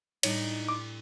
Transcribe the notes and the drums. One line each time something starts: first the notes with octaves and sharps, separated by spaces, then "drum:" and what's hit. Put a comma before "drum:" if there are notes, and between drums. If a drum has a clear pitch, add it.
A2 G3 D4 D#4 C#5, drum: cymbal
C6 D6